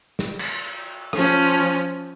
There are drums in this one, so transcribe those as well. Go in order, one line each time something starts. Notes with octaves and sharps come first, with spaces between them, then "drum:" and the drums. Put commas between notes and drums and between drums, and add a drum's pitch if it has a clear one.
drum: snare
drum: cymbal
F3 C#4, drum: rim click